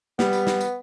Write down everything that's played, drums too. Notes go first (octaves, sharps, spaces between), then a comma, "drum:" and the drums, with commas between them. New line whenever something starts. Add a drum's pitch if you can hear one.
G3 B3, drum: snare
drum: tambourine
drum: snare
drum: tambourine